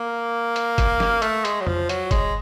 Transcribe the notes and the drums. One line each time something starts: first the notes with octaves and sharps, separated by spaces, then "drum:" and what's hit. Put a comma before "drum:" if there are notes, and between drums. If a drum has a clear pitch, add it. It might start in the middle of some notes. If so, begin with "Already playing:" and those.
Already playing: A#3
drum: hi-hat
drum: kick F#1, hi-hat
drum: snare
A3, drum: hi-hat
G#3, drum: hi-hat
F#3
F3, drum: tom F2
F#3, drum: hi-hat
G#3, drum: kick F#1, hi-hat